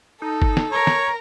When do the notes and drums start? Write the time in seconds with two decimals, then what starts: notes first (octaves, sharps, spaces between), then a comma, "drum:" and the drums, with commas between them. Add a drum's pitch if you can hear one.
0.22 D#4 A4
0.42 drum: kick G1
0.57 drum: snare
0.72 A#4 C#5 A#5
0.87 drum: snare